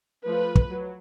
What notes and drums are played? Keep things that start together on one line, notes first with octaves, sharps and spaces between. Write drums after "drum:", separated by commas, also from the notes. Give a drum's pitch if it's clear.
F3 A3 F4 B4
drum: kick
F#3